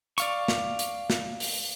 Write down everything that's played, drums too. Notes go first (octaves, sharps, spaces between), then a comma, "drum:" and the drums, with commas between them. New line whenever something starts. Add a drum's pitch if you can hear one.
D5 F5 C#6, drum: hi-hat
drum: snare
drum: hi-hat
drum: snare
drum: open hi-hat